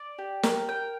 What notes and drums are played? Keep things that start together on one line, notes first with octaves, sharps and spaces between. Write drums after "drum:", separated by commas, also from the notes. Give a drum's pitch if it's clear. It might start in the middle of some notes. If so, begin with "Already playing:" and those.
Already playing: D5
G4
A#4, drum: snare
G5